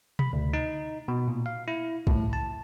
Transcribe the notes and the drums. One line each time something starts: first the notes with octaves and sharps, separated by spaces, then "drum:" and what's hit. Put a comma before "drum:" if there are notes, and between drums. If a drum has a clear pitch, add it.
B5, drum: tom B2
D2
D#4
B2
A#2
F5
E4
A2, drum: kick
A5